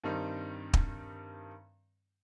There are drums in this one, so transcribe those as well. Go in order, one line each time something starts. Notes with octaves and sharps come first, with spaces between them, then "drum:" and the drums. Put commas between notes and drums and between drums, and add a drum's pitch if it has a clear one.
G2 D#3 G3 C4 D#4
drum: kick